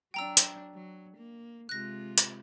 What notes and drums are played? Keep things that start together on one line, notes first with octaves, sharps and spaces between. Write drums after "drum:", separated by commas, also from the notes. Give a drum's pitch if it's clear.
F#3 D4 G5 A#5 E6
drum: hi-hat
F#3
A#3
C3 G#3 F4 F#6 A#6
drum: hi-hat